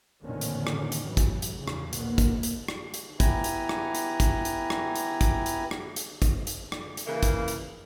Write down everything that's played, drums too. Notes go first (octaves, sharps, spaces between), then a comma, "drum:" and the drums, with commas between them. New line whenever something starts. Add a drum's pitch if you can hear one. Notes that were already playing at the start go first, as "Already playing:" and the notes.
A1 F2 A#2 D3 D#3 C#4
drum: hi-hat
drum: rim click
drum: hi-hat
A2 E3 F#3
drum: kick, hi-hat
drum: hi-hat
E2 C#3
drum: rim click
A#1 D#2 A#2 A#3 B3, drum: hi-hat
drum: kick, hi-hat
drum: hi-hat
drum: rim click
drum: hi-hat
B3 E4 G4 B4 G#5 A#5, drum: kick, hi-hat
drum: hi-hat
drum: rim click
drum: hi-hat
drum: kick, hi-hat
drum: hi-hat
drum: rim click
drum: hi-hat
drum: kick, hi-hat
drum: hi-hat
drum: rim click
drum: hi-hat
drum: kick, hi-hat
drum: hi-hat
drum: rim click
drum: hi-hat
C#3 E3 A#3
drum: kick, hi-hat
drum: hi-hat